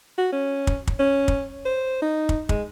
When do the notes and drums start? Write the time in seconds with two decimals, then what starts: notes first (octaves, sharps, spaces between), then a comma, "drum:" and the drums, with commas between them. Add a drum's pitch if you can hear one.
0.18 F#4
0.32 C#4
0.67 drum: kick
0.87 drum: kick
0.99 C#4
1.28 drum: kick
1.65 C5
2.02 D#4
2.29 drum: kick
2.49 G#3, drum: kick